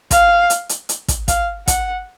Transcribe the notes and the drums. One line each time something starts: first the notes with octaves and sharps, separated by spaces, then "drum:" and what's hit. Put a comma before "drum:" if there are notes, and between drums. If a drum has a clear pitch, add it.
F5, drum: kick, hi-hat
drum: hi-hat
drum: hi-hat
drum: hi-hat
drum: kick, hi-hat
F5, drum: kick, hi-hat
F#5, drum: kick, hi-hat